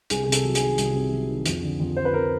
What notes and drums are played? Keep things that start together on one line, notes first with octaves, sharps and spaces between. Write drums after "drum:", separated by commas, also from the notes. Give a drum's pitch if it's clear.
C2 G#4, drum: hi-hat
C3 G#4
A4, drum: hi-hat
F#3
G#4, drum: hi-hat
D#3
C2, drum: hi-hat
C3
F#3
D#3
F2, drum: hi-hat
D3
F2
F3 C5
B4
A#4